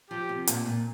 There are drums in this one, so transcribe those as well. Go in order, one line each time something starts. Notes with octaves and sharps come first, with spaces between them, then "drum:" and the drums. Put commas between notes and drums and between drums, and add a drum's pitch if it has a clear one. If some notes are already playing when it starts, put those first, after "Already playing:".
F3 G4
C3
A#2, drum: hi-hat
A#2